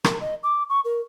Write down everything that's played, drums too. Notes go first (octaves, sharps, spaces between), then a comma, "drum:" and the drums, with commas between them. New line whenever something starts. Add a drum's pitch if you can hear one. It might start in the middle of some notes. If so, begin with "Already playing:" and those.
A#4, drum: rim click
D#5
D6
C#6
A#4